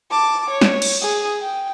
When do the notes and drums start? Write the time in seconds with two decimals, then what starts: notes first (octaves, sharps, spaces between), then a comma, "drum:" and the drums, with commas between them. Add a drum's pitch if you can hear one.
0.11 A5 D6
0.50 C#5
0.61 drum: snare
0.82 drum: cymbal
1.02 G#4 D#6
1.41 G5